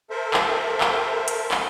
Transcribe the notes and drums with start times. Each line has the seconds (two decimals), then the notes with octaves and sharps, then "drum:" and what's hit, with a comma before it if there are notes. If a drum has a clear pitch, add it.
0.10 A4 A#4 C5 E5
0.34 drum: clap
0.81 drum: clap
1.28 drum: hi-hat
1.51 drum: clap